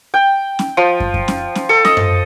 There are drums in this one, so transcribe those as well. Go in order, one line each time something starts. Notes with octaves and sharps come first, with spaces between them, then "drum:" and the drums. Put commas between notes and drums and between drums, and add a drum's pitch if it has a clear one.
G5
drum: snare C#4
F3
drum: kick
drum: kick
drum: snare C#4
drum: snare C#4
A4
D#5, drum: snare C#4
drum: tom F#2